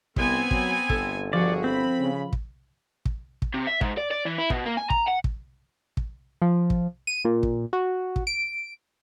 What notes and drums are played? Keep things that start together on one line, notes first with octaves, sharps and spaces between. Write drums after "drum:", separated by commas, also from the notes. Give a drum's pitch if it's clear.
C2 B3 C4 G#5, drum: kick
F#3, drum: kick
G1 A4, drum: kick
F3 F#4 G#4 D5
C4 B5
C#3
drum: kick
drum: kick
drum: kick
C3
E5
G#2, drum: kick
D5
D5
E3
E4
B2, drum: kick
A#3
G#5
A#5, drum: kick
F#5
drum: kick
drum: kick
F3
drum: kick
D#7
A#2
drum: kick
F#4
drum: kick
D7